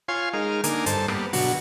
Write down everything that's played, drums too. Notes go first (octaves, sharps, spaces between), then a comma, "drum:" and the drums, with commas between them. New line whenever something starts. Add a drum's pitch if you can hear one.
F4 C#5 F5 G#5 C6
G#3 D#4 A#4 F6
D3 A#3 D#4 A#4 G#5, drum: hi-hat
G2 A4 C5 A5, drum: hi-hat
G3 A#3 B3, drum: rim click
B2 D3 F#3 F#4, drum: open hi-hat